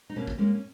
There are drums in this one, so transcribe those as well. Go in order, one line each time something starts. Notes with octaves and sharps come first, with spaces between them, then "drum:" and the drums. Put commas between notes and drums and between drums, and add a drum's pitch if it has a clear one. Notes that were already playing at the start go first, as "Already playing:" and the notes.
D#4
B2 A#3 C#4
drum: kick
G#3 A#3 C#4
C#4